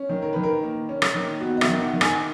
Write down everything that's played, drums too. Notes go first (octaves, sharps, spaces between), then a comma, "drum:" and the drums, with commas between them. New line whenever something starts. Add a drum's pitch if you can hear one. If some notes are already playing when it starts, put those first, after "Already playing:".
Already playing: C#4
D#3
A#4
D#3 B4
A#4
A#3
C#4
drum: rim click
D#3
B3 F#4
D#5
E5, drum: rim click
D#3
F#5
D#3
G#5, drum: rim click